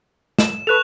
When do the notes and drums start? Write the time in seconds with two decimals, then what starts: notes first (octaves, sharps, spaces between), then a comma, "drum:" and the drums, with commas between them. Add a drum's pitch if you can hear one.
0.39 E7, drum: snare
0.67 A4 B4 C#6 F#6 F7